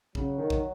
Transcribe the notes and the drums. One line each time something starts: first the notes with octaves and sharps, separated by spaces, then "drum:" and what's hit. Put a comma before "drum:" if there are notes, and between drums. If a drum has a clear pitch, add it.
C#3 F#3, drum: kick
D#3
drum: kick